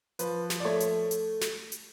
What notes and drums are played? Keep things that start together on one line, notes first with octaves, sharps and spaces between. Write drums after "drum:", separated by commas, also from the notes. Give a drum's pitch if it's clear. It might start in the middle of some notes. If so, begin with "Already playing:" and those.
F3 B4, drum: hi-hat
drum: snare
D5
A3 C#5
drum: hi-hat
drum: hi-hat
drum: snare
drum: hi-hat